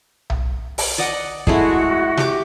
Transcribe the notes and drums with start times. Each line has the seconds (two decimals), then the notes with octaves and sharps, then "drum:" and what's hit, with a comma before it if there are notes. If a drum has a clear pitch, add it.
0.30 drum: tom B1
0.78 drum: open hi-hat
0.98 D5 D#5 F#5
1.47 G#3 A3 E4 F#4, drum: kick
2.17 G4 D6, drum: snare